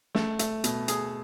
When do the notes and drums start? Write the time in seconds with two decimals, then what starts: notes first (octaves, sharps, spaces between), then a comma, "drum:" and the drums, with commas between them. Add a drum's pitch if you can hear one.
0.15 A3, drum: snare
0.39 A3, drum: hi-hat
0.64 B2, drum: hi-hat
0.88 G#4, drum: hi-hat